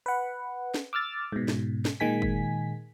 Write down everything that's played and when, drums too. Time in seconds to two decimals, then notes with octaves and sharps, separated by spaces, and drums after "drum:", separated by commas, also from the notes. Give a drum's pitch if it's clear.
0.06 B4 F#5
0.74 drum: snare
0.93 D6 E6 F6 A6
1.32 G#2 B2
1.48 drum: snare
1.85 drum: snare
2.00 A#2 D#3 G#3 G#5 B6
2.22 drum: kick F#1